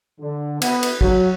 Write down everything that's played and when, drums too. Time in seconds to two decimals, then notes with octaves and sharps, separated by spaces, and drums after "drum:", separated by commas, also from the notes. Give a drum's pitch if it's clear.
0.20 D3
0.62 B3, drum: cymbal
0.83 drum: cymbal
1.01 F#3, drum: kick